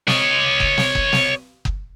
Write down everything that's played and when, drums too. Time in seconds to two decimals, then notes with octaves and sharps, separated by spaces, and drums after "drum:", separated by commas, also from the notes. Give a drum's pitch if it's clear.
0.08 C#5 D#5, drum: snare
0.60 drum: kick F#1
0.78 drum: snare
0.95 drum: kick F#1
1.13 drum: snare
1.65 drum: kick F#1